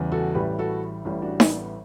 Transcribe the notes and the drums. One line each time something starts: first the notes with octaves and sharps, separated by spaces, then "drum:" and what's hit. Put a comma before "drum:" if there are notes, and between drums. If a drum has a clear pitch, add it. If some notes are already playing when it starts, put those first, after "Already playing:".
Already playing: E2 C#3 E3 G3
F#4 A4
A1 A2 E3 G3 G4 B4
F#4 A4
A1 A2 E3 G3
D4 F#4
B3 D4, drum: snare D#4
B3